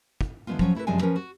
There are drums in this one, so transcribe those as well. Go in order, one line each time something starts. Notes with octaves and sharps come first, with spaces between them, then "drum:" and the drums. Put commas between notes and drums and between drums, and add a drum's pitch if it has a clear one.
drum: kick
D3 E3 G#3 B3 C4 F4
F3 F#3 C#4 C#5, drum: kick
A3 E4 A4 B4
F#2 C3 F3 G#3 D4 G#5
F3 C#4 A#4 B4
F#4